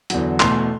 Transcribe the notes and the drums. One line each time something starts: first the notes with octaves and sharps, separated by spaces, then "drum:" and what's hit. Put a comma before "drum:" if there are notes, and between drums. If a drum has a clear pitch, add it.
E2 D3 F#3, drum: hi-hat
E2 B2 A3 C6, drum: clap